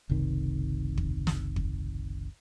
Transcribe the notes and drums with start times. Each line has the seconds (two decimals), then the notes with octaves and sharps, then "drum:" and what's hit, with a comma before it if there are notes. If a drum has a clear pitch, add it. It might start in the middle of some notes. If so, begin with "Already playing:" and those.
0.09 F#1 C2 C3 D#3
0.98 drum: kick
1.27 drum: snare
1.56 drum: kick